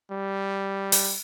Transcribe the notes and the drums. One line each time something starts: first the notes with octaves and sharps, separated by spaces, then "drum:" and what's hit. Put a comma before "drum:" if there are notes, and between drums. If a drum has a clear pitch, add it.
G3
drum: open hi-hat